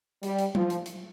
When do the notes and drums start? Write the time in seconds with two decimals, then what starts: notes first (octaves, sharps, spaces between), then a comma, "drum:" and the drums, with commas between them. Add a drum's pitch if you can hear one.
0.23 G3, drum: hi-hat
0.39 drum: hi-hat
0.55 F3, drum: tom F#3
0.70 drum: hi-hat
0.86 drum: hi-hat